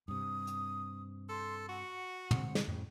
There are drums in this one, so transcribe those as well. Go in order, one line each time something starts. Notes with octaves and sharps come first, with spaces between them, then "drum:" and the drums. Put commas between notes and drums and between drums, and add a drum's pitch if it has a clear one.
G2 C3 D#6
drum: hi-hat
A4 C6
F#4 F#5
D3 G#3 C4, drum: tom
drum: snare
F2 A2 C#3